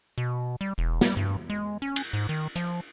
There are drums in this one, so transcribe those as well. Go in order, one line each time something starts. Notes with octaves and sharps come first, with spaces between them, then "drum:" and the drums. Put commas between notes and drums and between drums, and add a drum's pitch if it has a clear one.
B2
G3
E1
G3, drum: snare
G2
G#3
C#4
drum: cymbal
G#2
D#3
F3, drum: hi-hat